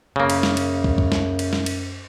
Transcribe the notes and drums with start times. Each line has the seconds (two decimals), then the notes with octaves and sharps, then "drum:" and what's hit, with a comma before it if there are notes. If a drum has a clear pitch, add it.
0.16 F#2 C#3 A#3
0.30 drum: cymbal
0.43 drum: snare
0.57 drum: cymbal
0.84 drum: kick
0.98 drum: kick
1.12 drum: snare
1.39 drum: cymbal
1.53 drum: snare
1.66 drum: cymbal